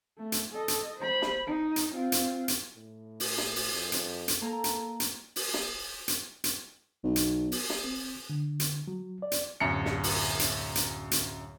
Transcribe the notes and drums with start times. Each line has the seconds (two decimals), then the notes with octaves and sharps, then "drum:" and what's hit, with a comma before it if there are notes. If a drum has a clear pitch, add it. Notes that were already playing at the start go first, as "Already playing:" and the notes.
0.18 A3
0.32 drum: hi-hat
0.53 A4 D#5
0.68 drum: hi-hat
0.98 C5 B5
1.22 drum: snare
1.47 D#4
1.76 drum: hi-hat
1.94 C4 F4
2.12 drum: hi-hat
2.48 drum: hi-hat
2.76 A2
3.20 drum: open hi-hat
3.38 drum: snare
3.56 drum: open hi-hat
3.72 F2
3.92 drum: hi-hat
4.28 drum: hi-hat
4.41 A#3 A4 A#5
4.64 drum: hi-hat
5.00 drum: hi-hat
5.36 drum: open hi-hat
5.54 drum: snare
6.08 drum: hi-hat
6.44 drum: hi-hat
7.04 B1
7.16 drum: hi-hat
7.52 drum: open hi-hat
7.70 drum: snare
7.84 C4
8.30 D3
8.60 drum: hi-hat
8.88 F#3
9.22 D5
9.32 drum: hi-hat
9.60 D1 F#2 C#7
9.86 drum: snare
10.03 drum: open hi-hat
10.39 drum: hi-hat
10.75 drum: hi-hat
11.11 drum: hi-hat